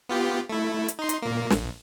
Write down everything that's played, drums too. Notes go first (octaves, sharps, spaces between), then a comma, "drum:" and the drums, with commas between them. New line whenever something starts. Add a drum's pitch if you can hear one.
B3 F4 G4
A3 E4
drum: hi-hat
D#4 C6
drum: hi-hat
A#2 A#3
A#1, drum: snare